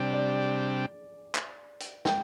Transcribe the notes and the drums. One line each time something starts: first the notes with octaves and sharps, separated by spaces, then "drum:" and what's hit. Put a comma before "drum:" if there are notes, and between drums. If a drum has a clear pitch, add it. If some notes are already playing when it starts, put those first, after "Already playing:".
Already playing: C3 G3 D4 D5
D5
drum: clap
drum: hi-hat
G5, drum: snare